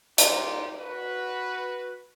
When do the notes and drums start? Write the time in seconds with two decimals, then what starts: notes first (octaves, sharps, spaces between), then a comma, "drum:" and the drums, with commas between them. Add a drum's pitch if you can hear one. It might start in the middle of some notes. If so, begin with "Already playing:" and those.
0.18 D#4 F4 G4, drum: hi-hat
0.80 F#4 B4